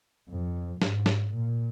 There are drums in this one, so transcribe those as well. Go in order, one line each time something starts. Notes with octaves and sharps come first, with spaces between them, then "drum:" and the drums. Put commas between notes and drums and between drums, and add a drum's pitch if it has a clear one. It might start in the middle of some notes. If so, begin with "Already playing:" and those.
F2
G#2, drum: snare
drum: snare
A#2